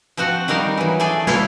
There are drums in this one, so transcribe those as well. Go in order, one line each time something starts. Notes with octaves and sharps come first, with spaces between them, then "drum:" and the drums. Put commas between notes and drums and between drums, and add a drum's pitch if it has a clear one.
F3 C4 F#4 F#5
D#3 G3 D#4 A#4 F5
E3 F#3
A3 G#4 A4 D5 G#5
E4 C#5 F5 G5, drum: snare